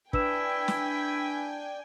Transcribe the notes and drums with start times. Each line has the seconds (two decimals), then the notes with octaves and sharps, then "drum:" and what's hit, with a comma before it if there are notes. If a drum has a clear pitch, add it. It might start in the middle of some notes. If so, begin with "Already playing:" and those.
0.13 D4 E4 B4 G5 G#5 E6 E7, drum: kick
0.68 drum: snare